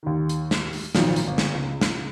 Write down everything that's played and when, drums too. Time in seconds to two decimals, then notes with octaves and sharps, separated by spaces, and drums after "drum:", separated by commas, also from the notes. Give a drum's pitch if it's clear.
0.03 D#2 D#3
0.29 drum: hi-hat
0.51 drum: snare
0.73 drum: open hi-hat
0.95 G#1 A#2 D#3 F3 F#3, drum: snare
1.16 drum: hi-hat
1.27 G1
1.38 drum: snare
1.54 C#2
1.81 drum: snare